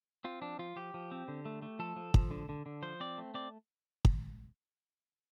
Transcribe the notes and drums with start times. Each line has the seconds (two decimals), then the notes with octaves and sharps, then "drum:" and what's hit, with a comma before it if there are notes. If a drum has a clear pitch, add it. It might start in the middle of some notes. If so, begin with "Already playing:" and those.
0.24 C4 F4
0.42 F3 D4
0.59 F3 F4
0.76 F3 G4
0.94 F3
1.11 C4
1.28 D3
1.45 A3
1.62 A3
1.79 F3 A4
1.96 F3
2.14 F3, drum: kick
2.31 D3
2.49 D3
2.66 D3
2.82 F3 C5
3.00 C4 D5
3.18 A3
3.34 C4 D5
4.05 drum: kick